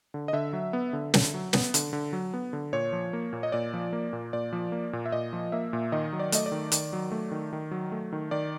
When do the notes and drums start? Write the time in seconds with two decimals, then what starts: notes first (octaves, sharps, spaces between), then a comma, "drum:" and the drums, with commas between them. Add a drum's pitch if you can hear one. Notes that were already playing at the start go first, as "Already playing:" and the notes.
0.14 D3
0.28 D#5
0.33 D3 E5
0.53 F#3
0.73 B3
0.93 D3
1.14 D3, drum: snare
1.34 F#3
1.53 B3, drum: snare
1.74 D3, drum: hi-hat
1.93 D3
2.13 F#3
2.34 B3
2.53 D3
2.73 A#2 C#5
2.93 F3
3.13 A#3
3.33 A#2
3.43 D#5
3.52 A#2 D5
3.73 F3
3.93 A#3
4.13 A#2
4.33 A#2 D5
4.53 F3
4.72 A#3
4.93 A#2
5.06 E5
5.12 A#2 D#5
5.33 F3
5.52 A#3 E5
5.73 A#2
5.92 D#3 D#5
6.13 F#3
6.19 D5
6.32 A3 D#5, drum: hi-hat
6.46 D5
6.52 D#3
6.72 D#3, drum: hi-hat
6.93 F#3
7.12 A3
7.31 D#3
7.53 D#3
7.71 F#3
7.92 A3
8.12 D#3
8.31 D#3 D5